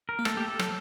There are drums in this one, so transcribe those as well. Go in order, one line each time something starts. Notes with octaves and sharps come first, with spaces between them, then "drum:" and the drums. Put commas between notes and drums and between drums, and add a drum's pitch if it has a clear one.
A#4
A#3
A3 A4, drum: rim click
G4
A4
F#3, drum: rim click